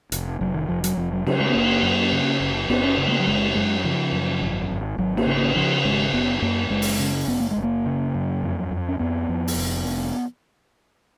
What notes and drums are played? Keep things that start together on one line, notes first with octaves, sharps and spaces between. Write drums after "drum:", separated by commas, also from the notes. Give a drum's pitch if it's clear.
F1, drum: hi-hat
F1 F#3
D#3
F1 F3
F#3, drum: hi-hat
F1 F3
F#3
C#3 F#3, drum: cymbal
G#3
B3
F#1 A#3
F#2
C#3
F#1
F#1 B3, drum: cymbal
C#4
C#3
G#3
A#3
F#3
F#1 G#3
F#2 G#3
C#3 F3
F#2
G#1
G#1
G#1 F#3
A#3, drum: cymbal
C#3
A#3
C#3 F3
G#1 G#3
F#1 B3
F#2 A#3
F#1 G#3
drum: open hi-hat
C#3
F#1 B3
A#3
G#3
F#1
A#3
C#3
F#2
F2
F2
C#4
F2 B3
F2
drum: open hi-hat
F1